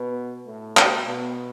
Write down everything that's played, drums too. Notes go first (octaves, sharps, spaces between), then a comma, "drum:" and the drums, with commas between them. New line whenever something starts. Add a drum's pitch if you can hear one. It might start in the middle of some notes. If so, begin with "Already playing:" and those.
Already playing: B2 B3
A2 A3
B2, drum: clap
B2 B3